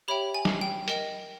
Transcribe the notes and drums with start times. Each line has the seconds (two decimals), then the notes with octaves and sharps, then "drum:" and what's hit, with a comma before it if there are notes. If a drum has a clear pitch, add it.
0.08 G4 C#5 E5 G5 B5
0.34 G#5
0.45 drum: snare
0.61 G5
0.88 A#4 D#5 G5, drum: hi-hat